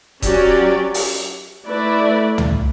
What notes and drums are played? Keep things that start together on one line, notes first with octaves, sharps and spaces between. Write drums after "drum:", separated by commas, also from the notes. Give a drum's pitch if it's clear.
F#3 C#4 G4 D5, drum: kick D#1, hi-hat
drum: open hi-hat
A3 E4 B4 D5
drum: tom